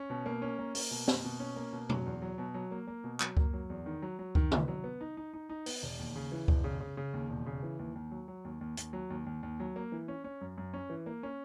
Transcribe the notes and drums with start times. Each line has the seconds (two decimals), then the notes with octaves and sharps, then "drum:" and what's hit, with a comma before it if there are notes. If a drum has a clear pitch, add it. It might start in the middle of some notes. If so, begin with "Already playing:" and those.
Already playing: C#4
0.10 B2
0.26 A#3
0.42 C#4
0.59 A#3
0.75 A#3, drum: open hi-hat
0.91 B2
1.08 A#3, drum: snare
1.24 B2
1.40 C#4
1.56 A#3
1.73 B2
1.89 F#3, drum: tom B2
2.06 E2
2.22 F#3
2.38 B2
2.54 F#3
2.71 A#3
2.88 A#3
3.04 B2
3.20 F#3, drum: clap
3.37 A#3, drum: kick C#2
3.53 F#3
3.70 E2
3.86 D#3
4.02 F#3
4.19 F#3
4.35 D#3, drum: kick C#2
4.52 B3, drum: tom
4.68 F#3
4.84 B3
5.01 D#4
5.17 D#4
5.34 D#4
5.49 D#4
5.66 B3, drum: open hi-hat
5.82 E1
5.99 D#2
6.16 C#3
6.32 E3
6.48 E1, drum: kick C#2
6.64 C#3
6.80 C#3
6.97 C#3
7.13 D#2
7.30 E1
7.46 C#3
7.63 E3
7.79 D#2
7.95 D#2
8.11 F#3
8.28 F#3
8.45 D#2
8.61 D#2
8.77 D#2, drum: hi-hat
8.93 F#3
9.10 D#2
9.26 D#2
9.43 D#2
9.60 F#3
9.76 A#3
9.92 E3
10.08 C#4
10.24 C#4
10.41 F#2
10.58 F#2
10.74 C#4
10.90 E3
11.06 A#3
11.23 C#4